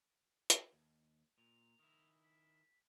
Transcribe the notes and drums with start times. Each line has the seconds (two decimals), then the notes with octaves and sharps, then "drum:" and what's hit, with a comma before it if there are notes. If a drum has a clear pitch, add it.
0.50 drum: hi-hat
0.73 D#2
1.38 A#2 F7
1.79 D#3 E4
2.24 B6